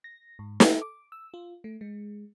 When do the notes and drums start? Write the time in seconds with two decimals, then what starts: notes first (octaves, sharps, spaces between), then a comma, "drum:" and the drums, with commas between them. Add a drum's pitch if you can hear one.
0.04 A#6
0.39 G#2
0.60 A4, drum: snare
0.82 D6
1.12 E6
1.34 F4
1.64 A3
1.81 G#3